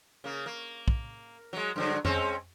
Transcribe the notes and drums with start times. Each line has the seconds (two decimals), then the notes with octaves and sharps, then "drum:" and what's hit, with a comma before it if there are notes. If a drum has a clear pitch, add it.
0.24 C#3 A#3
0.46 A#3
0.88 drum: kick
1.53 F#3 G#3
1.76 G2 D3 F#3
2.05 G#3 C4 C#4, drum: tom F2